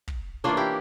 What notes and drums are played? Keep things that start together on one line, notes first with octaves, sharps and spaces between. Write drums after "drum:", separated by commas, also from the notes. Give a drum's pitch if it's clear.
drum: kick
E3 A#3 C#4 D4 F4
E4 G4